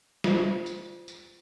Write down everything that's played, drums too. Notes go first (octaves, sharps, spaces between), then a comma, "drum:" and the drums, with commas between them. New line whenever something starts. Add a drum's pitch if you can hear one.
F4 C5, drum: snare
drum: tambourine
drum: tambourine